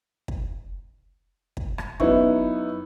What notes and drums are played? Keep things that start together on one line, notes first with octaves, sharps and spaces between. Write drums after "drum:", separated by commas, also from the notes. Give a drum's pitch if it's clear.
drum: kick
drum: kick
drum: rim click
F#2 B3 D#4 E4 C#6, drum: kick